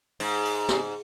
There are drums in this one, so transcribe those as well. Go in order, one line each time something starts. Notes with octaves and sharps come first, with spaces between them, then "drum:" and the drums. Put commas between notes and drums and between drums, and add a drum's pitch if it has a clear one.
G#2, drum: open hi-hat
drum: open hi-hat
drum: snare